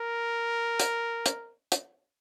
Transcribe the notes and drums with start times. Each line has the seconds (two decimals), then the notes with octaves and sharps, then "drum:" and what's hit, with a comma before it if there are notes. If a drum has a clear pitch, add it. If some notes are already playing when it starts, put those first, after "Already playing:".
Already playing: A#4
0.80 drum: hi-hat
1.26 drum: hi-hat
1.72 drum: hi-hat